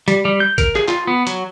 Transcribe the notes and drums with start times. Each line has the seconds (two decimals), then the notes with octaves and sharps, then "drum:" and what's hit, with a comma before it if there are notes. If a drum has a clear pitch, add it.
0.08 G3, drum: hi-hat
0.25 G3
0.40 G6
0.58 A#4, drum: kick, hi-hat
0.76 G#4, drum: clap
0.88 F4, drum: clap
1.07 B3
1.27 F#3, drum: hi-hat